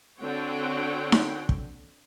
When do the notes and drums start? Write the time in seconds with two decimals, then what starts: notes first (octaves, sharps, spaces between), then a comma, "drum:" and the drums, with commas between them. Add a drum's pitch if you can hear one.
0.20 D3 C4 F#4 C#5 F#5 G5
1.12 drum: snare D#4
1.49 drum: kick